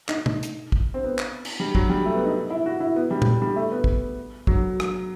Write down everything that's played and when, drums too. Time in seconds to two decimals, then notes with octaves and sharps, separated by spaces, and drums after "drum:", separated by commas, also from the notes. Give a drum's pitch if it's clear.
0.09 D#4, drum: clap
0.26 drum: tom B2
0.43 drum: hi-hat
0.72 drum: kick A1
0.94 C4
1.04 B3
1.18 drum: clap
1.45 drum: cymbal
1.60 G3
1.75 F#3, drum: kick A1
1.89 G3
2.06 A3
2.15 B3
2.25 D#4
2.50 E4
2.66 F#4
2.80 E4
2.96 B3
3.11 G3
3.22 drum: tom A#2
3.42 G3
3.56 A3
3.72 B3
3.84 drum: kick A1
4.47 F#3, drum: kick A1
4.80 drum: rim click